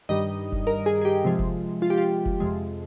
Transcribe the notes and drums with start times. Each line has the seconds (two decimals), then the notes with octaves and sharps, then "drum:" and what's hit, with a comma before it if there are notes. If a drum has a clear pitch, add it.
0.09 G2 D#3 G3 D#5
0.52 drum: kick F1
0.67 A#4
0.86 G#4
1.02 G#4
1.05 G4
1.24 C3 F3 G#3
1.39 drum: kick F1
1.82 F4
1.90 G4
1.98 F4
2.25 drum: kick F1
2.40 F2 C3 F3 G#3